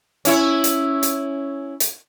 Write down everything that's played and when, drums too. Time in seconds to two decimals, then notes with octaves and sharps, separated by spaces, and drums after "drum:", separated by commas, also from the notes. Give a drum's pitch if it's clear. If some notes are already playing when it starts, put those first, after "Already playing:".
0.25 C#4 E4 C#5, drum: hi-hat
0.64 drum: hi-hat
1.03 drum: hi-hat
1.80 drum: hi-hat